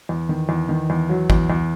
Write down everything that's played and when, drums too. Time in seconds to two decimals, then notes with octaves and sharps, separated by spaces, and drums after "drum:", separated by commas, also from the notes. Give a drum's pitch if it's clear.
0.09 E2
0.29 D#3
0.49 E2
0.69 D#3
0.90 E2
1.09 F#3
1.30 E2, drum: kick
1.50 E2